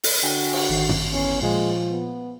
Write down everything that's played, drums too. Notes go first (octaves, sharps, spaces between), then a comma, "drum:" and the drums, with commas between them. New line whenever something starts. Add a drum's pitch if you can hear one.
drum: open hi-hat
D3 F#4 G5 G#5
drum: cymbal
G#1 D#3 C7
drum: tom
E2 C#4
A#2 F3 G#3
B3